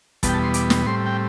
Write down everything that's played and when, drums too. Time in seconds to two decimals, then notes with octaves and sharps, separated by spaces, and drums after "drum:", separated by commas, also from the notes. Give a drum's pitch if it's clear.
0.23 E2 B2 G3 B3 A5, drum: kick, hi-hat
0.29 G5
0.33 A5
0.44 C6
0.54 D6, drum: hi-hat
0.70 drum: snare
0.86 A2 G3 C4 C6
1.06 G5